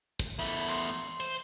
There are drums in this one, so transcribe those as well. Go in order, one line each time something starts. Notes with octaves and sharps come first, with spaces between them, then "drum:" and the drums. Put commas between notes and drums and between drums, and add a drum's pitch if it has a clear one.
drum: kick, hi-hat
E2 A3 B5
C6, drum: clap
drum: hi-hat
C5, drum: open hi-hat